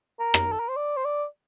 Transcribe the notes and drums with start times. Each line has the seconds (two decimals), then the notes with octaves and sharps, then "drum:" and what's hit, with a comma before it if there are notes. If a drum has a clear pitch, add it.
0.20 A#4
0.34 drum: rim click
0.52 A4
0.60 A#4
0.69 C5
0.76 D5
0.97 C5
1.05 D5